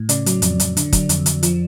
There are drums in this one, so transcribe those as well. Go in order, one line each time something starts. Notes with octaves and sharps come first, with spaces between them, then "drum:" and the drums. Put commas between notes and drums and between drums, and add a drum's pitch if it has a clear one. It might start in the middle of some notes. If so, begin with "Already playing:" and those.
Already playing: A2
C#3 D5, drum: hi-hat
F#3, drum: hi-hat
F2, drum: hi-hat
F2, drum: hi-hat
D3, drum: hi-hat
F#3, drum: kick, hi-hat
F2, drum: hi-hat
F2, drum: hi-hat
F3, drum: hi-hat